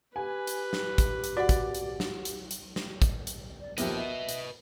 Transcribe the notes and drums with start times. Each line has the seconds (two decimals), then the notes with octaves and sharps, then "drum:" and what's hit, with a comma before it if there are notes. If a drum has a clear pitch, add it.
0.16 G4 B4 G#5
0.47 drum: hi-hat
0.73 drum: snare
0.98 drum: kick, hi-hat
1.24 drum: hi-hat
1.37 F#4 D5 F#5
1.49 drum: kick, hi-hat
1.74 drum: hi-hat
2.00 drum: snare
2.25 drum: hi-hat
2.51 drum: hi-hat
2.76 drum: snare
3.02 drum: kick, hi-hat
3.27 drum: hi-hat
3.60 D5
3.78 D#2 F3 G4 B4 D#5 E5, drum: hi-hat
3.96 B2 E5
4.29 drum: hi-hat